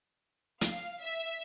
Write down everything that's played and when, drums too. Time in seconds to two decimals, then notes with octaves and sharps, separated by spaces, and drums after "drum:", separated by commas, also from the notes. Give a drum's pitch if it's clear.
0.61 F5, drum: hi-hat
1.00 E5